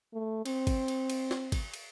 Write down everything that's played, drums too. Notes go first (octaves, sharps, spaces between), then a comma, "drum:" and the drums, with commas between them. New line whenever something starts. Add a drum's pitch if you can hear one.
A3
C4, drum: cymbal
drum: kick, cymbal
drum: cymbal
drum: cymbal
drum: snare
drum: kick, cymbal
drum: cymbal